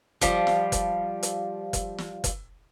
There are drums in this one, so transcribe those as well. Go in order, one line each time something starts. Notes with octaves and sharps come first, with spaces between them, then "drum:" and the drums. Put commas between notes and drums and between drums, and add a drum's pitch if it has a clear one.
F3 G3, drum: kick F#1, hi-hat
drum: snare
drum: kick F#1, hi-hat
drum: hi-hat
drum: kick F#1, hi-hat
drum: snare
drum: kick F#1, hi-hat